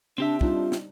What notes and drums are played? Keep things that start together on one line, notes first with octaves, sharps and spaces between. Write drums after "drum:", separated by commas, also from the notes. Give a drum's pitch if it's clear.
C#3 C4 D4 G4 E5
G3 D4 D#4 F4, drum: kick
drum: snare